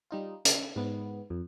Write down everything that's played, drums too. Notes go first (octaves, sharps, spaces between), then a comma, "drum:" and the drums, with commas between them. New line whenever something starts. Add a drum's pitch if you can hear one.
G3 D#4 F4
C#3, drum: hi-hat
G#2 B3
F2